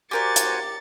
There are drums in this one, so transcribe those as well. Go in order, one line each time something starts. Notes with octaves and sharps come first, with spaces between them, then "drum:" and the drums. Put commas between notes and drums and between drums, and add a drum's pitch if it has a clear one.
F#4 G4 A#4 C5 D5 G#5 A6 C#7
drum: hi-hat